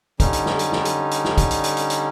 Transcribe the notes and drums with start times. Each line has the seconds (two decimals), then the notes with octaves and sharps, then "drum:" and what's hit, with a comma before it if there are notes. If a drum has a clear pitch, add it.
0.20 D3 G3 C#4 D#4, drum: kick, hi-hat
0.33 drum: hi-hat
0.46 drum: snare
0.59 drum: hi-hat
0.72 drum: snare
0.85 drum: hi-hat
1.11 drum: hi-hat
1.24 drum: snare
1.37 drum: kick, hi-hat
1.51 drum: hi-hat
1.64 drum: hi-hat
1.77 drum: hi-hat
1.90 drum: hi-hat